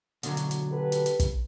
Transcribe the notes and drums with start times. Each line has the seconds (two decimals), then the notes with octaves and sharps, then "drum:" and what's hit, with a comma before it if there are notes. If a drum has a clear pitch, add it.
0.23 B2 D3 F#3, drum: hi-hat
0.37 drum: hi-hat
0.51 drum: hi-hat
0.71 G4 A4 B4
0.92 drum: hi-hat
1.06 drum: hi-hat
1.19 drum: kick, hi-hat